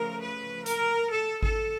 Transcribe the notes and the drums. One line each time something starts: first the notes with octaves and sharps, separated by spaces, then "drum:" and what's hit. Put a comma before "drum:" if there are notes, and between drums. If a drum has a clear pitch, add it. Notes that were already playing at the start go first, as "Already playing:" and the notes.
Already playing: C#3 F3 A3 A#4
B4
A#4, drum: hi-hat
A4
A4, drum: kick G#1